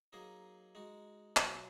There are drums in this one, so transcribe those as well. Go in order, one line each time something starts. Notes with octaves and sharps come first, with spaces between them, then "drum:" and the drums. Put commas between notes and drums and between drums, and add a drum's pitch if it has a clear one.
F#3 A#3 D#4 G#4 D#5
G#3 D#4 F#4
B2 F#3 C#4 F4 B4, drum: clap